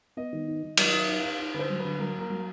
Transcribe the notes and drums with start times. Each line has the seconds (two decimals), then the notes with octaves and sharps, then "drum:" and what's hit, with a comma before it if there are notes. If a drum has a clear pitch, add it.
0.17 B3 D#5
0.33 D#3
0.48 D#4
0.63 D#3
0.77 F#3 D#5, drum: cymbal
0.93 D#4 E5
1.08 D#4
1.19 D#4 F5
1.39 D#4
1.54 D3 B4
1.59 C5
1.69 F#3
1.80 D3 B4
1.99 F#3 A#4
2.15 A#3 A#4
2.30 F#3